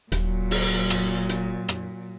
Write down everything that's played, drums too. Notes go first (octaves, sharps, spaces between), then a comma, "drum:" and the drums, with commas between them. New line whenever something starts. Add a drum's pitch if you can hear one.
D#1 A#2 F#3, drum: hi-hat
drum: open hi-hat
drum: rim click
drum: hi-hat
drum: rim click